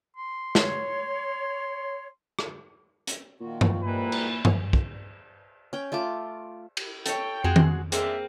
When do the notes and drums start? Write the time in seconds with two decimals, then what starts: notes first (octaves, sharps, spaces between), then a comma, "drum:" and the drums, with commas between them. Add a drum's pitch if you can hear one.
0.17 C6
0.55 C#5, drum: snare
2.39 drum: rim click
3.07 drum: hi-hat
3.40 A#2 D#3 F3 F#4
3.61 drum: tom G2
3.82 G#2 E3 G3 A#3 D#4 E4 B4
4.12 drum: cymbal
4.45 drum: tom G2
4.73 drum: kick
5.73 C#4 G5
5.92 A3 F4 A5 D6
6.77 drum: cymbal
7.06 A4 C#5 G5, drum: hi-hat
7.44 F2 G#3 F#4 G#4
7.56 drum: tom D#3
7.92 G#3 A#3 C4 D4 G#4 E5, drum: hi-hat